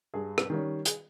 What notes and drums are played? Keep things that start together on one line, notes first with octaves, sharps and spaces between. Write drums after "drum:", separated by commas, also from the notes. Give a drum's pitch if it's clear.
G2 G#4
drum: rim click
D#3 G3 C#4
G#4, drum: hi-hat